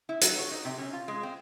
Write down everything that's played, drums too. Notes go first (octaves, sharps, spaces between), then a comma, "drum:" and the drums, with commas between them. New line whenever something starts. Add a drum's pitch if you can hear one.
E4
F#3, drum: hi-hat
C#5
D#4
C3
C#4
F4
G#3
C4